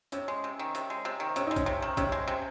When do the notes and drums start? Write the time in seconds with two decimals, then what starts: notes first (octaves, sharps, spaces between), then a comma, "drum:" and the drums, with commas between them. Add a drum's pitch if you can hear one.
0.12 C3 C#4, drum: hi-hat
0.28 G#3
0.44 C3
0.59 D#3
0.75 C3, drum: hi-hat
0.90 G#3
1.05 C3
1.20 D#3
1.36 C3 C#4, drum: hi-hat
1.46 G#3 D#4
1.56 C#4, drum: kick, hi-hat
1.66 C3
1.82 D#3
1.97 C3 C#4, drum: kick, hi-hat
2.12 G#3
2.28 C3